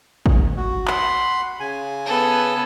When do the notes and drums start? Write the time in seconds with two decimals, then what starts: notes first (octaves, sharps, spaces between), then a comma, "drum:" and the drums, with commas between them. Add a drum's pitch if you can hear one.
0.26 drum: kick
0.57 F#4
0.88 F#5 B5 C6, drum: clap
1.60 C#3 G#5
2.05 B3 A4